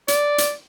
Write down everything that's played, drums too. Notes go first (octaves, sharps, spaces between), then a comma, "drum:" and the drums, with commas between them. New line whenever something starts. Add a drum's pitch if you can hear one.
D5, drum: hi-hat
drum: hi-hat